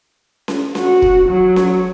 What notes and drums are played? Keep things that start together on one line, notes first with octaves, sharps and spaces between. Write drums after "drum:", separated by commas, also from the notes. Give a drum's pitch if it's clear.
drum: snare C#4
F#4, drum: snare C#4
drum: kick
F#3
drum: snare C#4